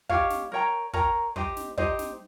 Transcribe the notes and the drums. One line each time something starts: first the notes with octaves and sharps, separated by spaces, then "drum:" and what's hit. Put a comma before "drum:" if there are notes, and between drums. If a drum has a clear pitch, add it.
D#4 G4 C#5 F5, drum: kick
drum: snare
A#4 C#5 G5 A#5
A#4 C#5 G5 A#5, drum: kick
D#4 G4 C5 D#5, drum: kick
drum: snare
D#4 G4 C5 D#5, drum: kick
drum: snare